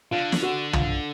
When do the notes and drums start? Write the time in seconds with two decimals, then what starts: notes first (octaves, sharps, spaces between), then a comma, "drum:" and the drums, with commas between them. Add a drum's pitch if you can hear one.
0.11 D3 F4
0.32 drum: snare
0.43 F#4
0.73 F4, drum: tom